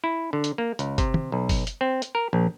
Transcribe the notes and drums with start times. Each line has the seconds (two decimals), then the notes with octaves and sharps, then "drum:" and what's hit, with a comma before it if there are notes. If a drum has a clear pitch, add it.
0.04 E4
0.33 D3
0.44 drum: hi-hat
0.58 A#3
0.79 C#2, drum: hi-hat
0.98 C3, drum: kick F#1, hi-hat
1.14 drum: tom
1.32 B1
1.49 drum: kick F#1, open hi-hat
1.67 drum: hi-hat
1.81 C4
2.02 drum: hi-hat
2.15 A#4
2.33 A#1